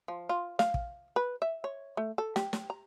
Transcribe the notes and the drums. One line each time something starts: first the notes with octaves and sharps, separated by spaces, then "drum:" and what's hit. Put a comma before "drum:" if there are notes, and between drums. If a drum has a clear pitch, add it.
F3
F4
F5, drum: snare
drum: kick
B4
E5
C#5
A3
A4
G4, drum: snare
drum: snare
A#5